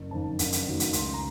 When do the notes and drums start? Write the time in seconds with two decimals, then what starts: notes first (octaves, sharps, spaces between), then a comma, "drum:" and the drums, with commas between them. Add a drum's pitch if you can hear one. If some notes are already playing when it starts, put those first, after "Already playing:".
Already playing: F#1
0.11 F2 D#3 A5
0.39 F#1, drum: hi-hat
0.52 drum: hi-hat
0.66 F2 D#3 F#3 A3
0.80 drum: hi-hat
0.93 C#2 C6, drum: hi-hat
1.13 A#5